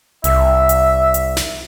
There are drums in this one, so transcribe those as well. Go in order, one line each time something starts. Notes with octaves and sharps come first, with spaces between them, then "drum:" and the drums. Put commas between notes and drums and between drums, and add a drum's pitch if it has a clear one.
C2 E5, drum: hi-hat
drum: hi-hat
drum: hi-hat
drum: snare